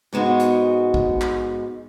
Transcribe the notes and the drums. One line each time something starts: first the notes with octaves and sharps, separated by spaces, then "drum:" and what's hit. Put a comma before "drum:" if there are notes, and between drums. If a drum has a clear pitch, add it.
G#2 G#3 B3 D#4 F#4
drum: hi-hat
drum: kick
drum: clap